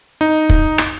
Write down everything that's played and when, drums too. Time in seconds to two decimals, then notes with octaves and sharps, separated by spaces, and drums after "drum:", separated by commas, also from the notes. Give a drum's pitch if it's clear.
0.21 D#4
0.50 drum: kick
0.78 drum: rim click